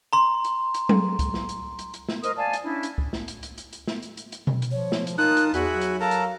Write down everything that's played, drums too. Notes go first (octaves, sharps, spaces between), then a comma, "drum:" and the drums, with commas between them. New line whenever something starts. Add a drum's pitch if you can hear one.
A#5 C6
drum: hi-hat
drum: hi-hat
drum: tom F#3
drum: kick, hi-hat
drum: snare
drum: hi-hat
drum: hi-hat
drum: hi-hat
drum: snare
A#4 C5 D#5 D#6, drum: hi-hat
D5 F5 G#5 A5
drum: hi-hat
C#4 D4 E4
drum: hi-hat
drum: kick
drum: snare
drum: hi-hat
drum: hi-hat
drum: hi-hat
drum: hi-hat
drum: snare
drum: hi-hat
drum: hi-hat
drum: hi-hat
drum: tom B2
drum: hi-hat
F3 C#5
drum: snare
drum: hi-hat
D#4 F4 A#4 A5 D#6 F#6
drum: hi-hat
E2 F#4 G#4 E5 G#5 B5, drum: hi-hat
F#3
drum: hi-hat
A4 A#4 F5 A5 A#5
drum: hi-hat